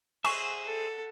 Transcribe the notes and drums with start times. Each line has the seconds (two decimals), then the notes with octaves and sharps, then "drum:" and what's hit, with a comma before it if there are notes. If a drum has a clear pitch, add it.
0.24 G#4 C5 E5 G#5 C#6, drum: cymbal
0.65 A4